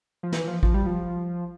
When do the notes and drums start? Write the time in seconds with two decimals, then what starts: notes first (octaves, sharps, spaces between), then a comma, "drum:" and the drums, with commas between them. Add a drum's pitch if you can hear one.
0.23 F3
0.32 E3, drum: snare
0.48 F3
0.63 F3, drum: kick
0.74 G3
0.86 F3